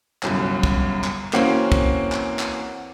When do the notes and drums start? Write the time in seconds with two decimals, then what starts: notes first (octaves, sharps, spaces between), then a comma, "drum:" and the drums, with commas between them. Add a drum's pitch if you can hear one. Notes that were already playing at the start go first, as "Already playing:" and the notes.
0.23 G1 C2 F#2, drum: clap
0.63 drum: kick
1.04 drum: clap
1.33 E3 A#3 C4 C#4 F#4, drum: clap
1.72 drum: kick
2.12 drum: clap
2.39 drum: clap